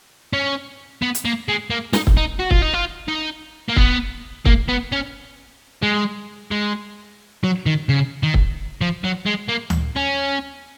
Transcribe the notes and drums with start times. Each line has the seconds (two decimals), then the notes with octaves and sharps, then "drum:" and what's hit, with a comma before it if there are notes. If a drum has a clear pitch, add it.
0.33 C#4
1.02 B3
1.15 drum: hi-hat
1.25 A#3
1.48 G#3
1.70 A#3
1.93 D#4, drum: snare
2.07 drum: kick
2.17 D#4
2.40 F#4
2.51 F4, drum: kick
2.62 D#4
2.74 F4
3.08 D#4
3.68 A#3
3.76 B3, drum: kick
4.45 A#3, drum: kick
4.68 B3
4.92 C#4
5.83 G#3
6.51 G#3
7.44 F#3
7.66 D#3
7.89 C#3
8.23 D#3
8.34 drum: kick
8.81 F3
9.04 F#3
9.26 G#3
9.49 A#3
9.70 drum: tom D2
9.96 C#4